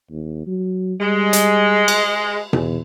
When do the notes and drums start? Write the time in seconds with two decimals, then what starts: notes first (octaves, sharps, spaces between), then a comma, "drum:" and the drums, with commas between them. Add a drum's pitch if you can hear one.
0.11 D#2
0.47 F#3
1.01 G3 G#3
1.33 drum: hi-hat
1.88 drum: cymbal
2.53 E2, drum: tom B2